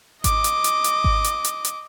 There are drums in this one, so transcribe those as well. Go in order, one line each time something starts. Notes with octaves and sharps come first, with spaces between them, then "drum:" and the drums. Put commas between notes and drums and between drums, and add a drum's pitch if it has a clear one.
D#5 D6, drum: kick G#1, hi-hat
drum: hi-hat
drum: hi-hat
drum: hi-hat
drum: kick G#1
drum: hi-hat
drum: hi-hat
drum: hi-hat